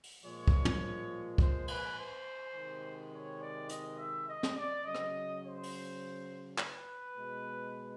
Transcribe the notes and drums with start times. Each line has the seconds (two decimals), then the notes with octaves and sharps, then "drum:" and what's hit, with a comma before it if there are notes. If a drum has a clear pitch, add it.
0.04 drum: open hi-hat
0.23 A#2 F3 G#3 C#5
0.48 drum: kick
0.65 drum: tom
1.38 C5, drum: kick
1.68 B4, drum: cymbal
1.97 C5
2.54 C3 D#3 G#3
3.12 C#5
3.41 D5
3.69 D#5, drum: hi-hat
3.98 E5
4.27 D#5
4.43 drum: snare
4.56 D5
4.85 C#3 F#3 D#5
4.95 drum: rim click
5.43 C5
5.63 drum: open hi-hat
6.58 B4, drum: clap
7.16 B2 G#3